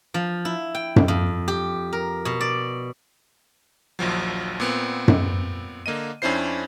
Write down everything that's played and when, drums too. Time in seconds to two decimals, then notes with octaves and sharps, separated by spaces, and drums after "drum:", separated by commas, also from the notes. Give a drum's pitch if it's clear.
0.14 F3
0.45 E4
0.75 G5
0.96 drum: tom F#2
1.08 F2
1.48 G4
1.93 A#4
2.25 B2
2.41 D5
3.99 A#1 D#2 F3 F#3
4.60 A#2 B3 C4
5.08 drum: tom F#2
5.86 D3 A#3 D#5 D#7
6.22 F2 C#4 D4 E4 C5 C7